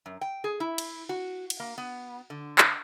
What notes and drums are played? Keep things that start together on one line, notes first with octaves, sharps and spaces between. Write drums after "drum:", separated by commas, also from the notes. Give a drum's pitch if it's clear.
F#2
G5
G#4
E4
drum: cymbal
F#4
drum: cymbal
A#3
B3
D3
drum: clap